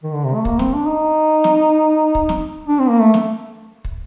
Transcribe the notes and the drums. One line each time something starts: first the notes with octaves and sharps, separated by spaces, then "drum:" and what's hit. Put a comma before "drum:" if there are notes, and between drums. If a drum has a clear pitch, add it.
D#3
D3
C3
A3
A#3, drum: kick
C4, drum: snare
D4
D#4
drum: snare
drum: kick
drum: snare
D4
C4
A#3
A3
drum: snare
drum: kick